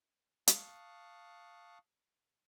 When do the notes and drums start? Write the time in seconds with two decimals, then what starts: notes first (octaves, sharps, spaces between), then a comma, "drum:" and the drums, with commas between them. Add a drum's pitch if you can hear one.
0.48 F5 A5 C#6 D#6 F#6, drum: hi-hat